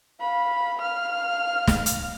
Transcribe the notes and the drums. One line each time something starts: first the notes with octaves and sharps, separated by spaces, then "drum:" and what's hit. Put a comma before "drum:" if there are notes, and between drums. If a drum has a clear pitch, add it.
F5 B5
F5 F6
drum: snare
drum: hi-hat